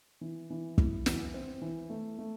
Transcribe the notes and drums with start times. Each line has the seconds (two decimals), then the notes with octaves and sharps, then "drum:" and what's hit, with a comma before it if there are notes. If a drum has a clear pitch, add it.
0.21 E3
0.50 E3
0.78 E4, drum: kick
1.06 E3, drum: snare
1.34 C4
1.62 E3
1.90 A3
2.19 A3